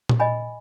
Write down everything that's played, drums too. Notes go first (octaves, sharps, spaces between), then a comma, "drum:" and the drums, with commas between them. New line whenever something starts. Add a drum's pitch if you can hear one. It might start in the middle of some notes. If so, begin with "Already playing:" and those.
drum: tom A#2
D#5 G#5 B5